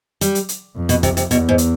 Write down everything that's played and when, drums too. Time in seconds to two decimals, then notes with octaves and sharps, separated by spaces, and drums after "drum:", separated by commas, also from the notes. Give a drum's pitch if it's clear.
0.21 G3, drum: hi-hat
0.35 drum: hi-hat
0.49 drum: hi-hat
0.76 F2
0.89 B2, drum: hi-hat
1.03 C3, drum: kick, hi-hat
1.17 C3, drum: hi-hat
1.31 E2 B2, drum: hi-hat
1.49 G#2
1.58 drum: hi-hat